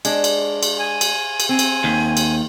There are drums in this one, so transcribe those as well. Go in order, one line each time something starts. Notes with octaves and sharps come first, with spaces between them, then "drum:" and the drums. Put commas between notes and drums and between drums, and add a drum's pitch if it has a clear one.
G#3 D4, drum: cymbal
drum: cymbal
drum: cymbal
G#5
drum: cymbal
drum: cymbal
C4 G#5
drum: cymbal
D#2
drum: cymbal